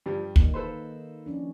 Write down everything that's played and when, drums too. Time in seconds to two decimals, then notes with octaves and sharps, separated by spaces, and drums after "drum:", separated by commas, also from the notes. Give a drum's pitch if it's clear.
0.06 G2 F3 G3
0.36 D#3 A#3 D#4, drum: kick
0.54 A4 B4 C5
1.26 F3 C#4 D4